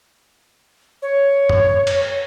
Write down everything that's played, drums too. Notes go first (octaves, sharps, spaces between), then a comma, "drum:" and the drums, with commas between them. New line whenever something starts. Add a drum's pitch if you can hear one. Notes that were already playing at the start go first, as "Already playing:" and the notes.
C#5
drum: tom
drum: cymbal